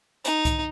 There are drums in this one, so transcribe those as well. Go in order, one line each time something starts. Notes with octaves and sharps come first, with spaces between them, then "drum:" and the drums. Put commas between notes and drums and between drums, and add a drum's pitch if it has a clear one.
D#4, drum: hi-hat
drum: kick C2, hi-hat